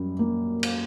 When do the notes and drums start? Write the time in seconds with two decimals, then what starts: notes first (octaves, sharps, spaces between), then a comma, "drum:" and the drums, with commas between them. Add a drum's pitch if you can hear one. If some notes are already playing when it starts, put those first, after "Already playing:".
Already playing: F#2 G3
0.19 A#3
0.63 drum: cymbal